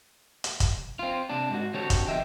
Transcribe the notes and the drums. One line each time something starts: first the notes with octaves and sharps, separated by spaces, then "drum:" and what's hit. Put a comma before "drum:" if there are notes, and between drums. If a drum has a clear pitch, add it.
drum: hi-hat
drum: kick, hi-hat
C4 F4
C3 D4
G#2 F#4
D3 C4 F#4 G4 A4 C#5
drum: kick, hi-hat
B2 F3 D#5 E5 G5